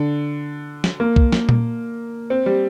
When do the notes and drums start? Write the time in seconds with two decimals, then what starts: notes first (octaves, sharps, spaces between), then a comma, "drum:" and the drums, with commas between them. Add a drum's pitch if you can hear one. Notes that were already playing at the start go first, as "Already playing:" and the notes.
Already playing: D3
0.84 drum: snare
1.00 A#3
1.16 drum: kick C2
1.32 drum: snare
1.49 drum: tom A#2
2.30 C4
2.46 G3